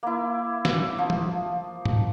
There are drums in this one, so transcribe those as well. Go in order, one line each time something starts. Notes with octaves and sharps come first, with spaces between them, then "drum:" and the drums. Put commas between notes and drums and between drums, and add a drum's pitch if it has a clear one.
A#3 E4
E5, drum: snare
F3
drum: tom
drum: tom G#2